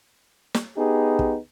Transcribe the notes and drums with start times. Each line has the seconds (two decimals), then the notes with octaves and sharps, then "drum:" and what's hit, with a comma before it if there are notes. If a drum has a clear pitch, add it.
0.54 drum: snare
0.76 B3 D#4 G4 G#4
1.19 drum: kick